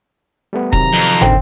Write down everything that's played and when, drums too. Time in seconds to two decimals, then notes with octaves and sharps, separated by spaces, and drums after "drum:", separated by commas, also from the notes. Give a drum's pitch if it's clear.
0.53 G3 A3 B3
0.72 C3 D#3 F#3 A#5, drum: kick D#1
0.93 F2
1.21 D3 D#3 C4, drum: tom